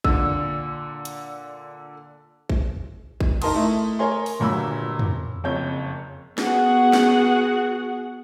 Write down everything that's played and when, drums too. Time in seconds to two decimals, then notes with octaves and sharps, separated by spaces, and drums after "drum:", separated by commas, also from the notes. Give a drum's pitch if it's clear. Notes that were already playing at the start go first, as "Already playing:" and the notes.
0.04 A#2 D3 E6, drum: kick
1.05 drum: hi-hat
2.49 drum: kick
3.20 drum: kick
3.42 D#4 A#4 A5 C6 D#6, drum: cymbal
3.54 A3 E4
3.99 A#4 C#5 G#5 C6
4.26 drum: open hi-hat
4.40 G1 A#2 F#3 B5 E6
4.99 drum: tom
5.44 F#1 F2 C#5 G6
6.38 B3 F#4 G#4 F#5, drum: snare
6.93 drum: snare